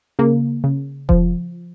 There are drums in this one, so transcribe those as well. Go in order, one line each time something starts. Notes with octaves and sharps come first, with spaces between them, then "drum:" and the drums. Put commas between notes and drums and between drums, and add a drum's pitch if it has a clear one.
C#3 A#3
C#3
F3, drum: kick E1